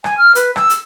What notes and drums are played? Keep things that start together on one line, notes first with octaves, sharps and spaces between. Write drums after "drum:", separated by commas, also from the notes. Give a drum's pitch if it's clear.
G#5, drum: rim click
F6
B4, drum: hi-hat
E6, drum: rim click
drum: hi-hat